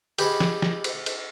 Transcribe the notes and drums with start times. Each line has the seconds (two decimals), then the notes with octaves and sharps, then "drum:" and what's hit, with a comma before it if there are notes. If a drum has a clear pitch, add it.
0.18 G4 G#4 B4 D#5 B5, drum: cymbal
0.40 drum: snare
0.62 drum: snare
0.84 drum: cymbal
1.06 drum: cymbal